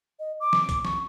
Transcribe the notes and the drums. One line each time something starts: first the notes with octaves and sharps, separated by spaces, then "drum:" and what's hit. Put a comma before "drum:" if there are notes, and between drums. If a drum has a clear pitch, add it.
D#5
D6
drum: snare
drum: kick B1, hi-hat
C#6, drum: snare